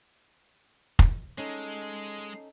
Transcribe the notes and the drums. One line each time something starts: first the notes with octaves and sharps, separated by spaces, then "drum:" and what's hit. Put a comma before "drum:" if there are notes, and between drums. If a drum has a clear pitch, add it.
drum: kick
G#3 C#4 D#4 A4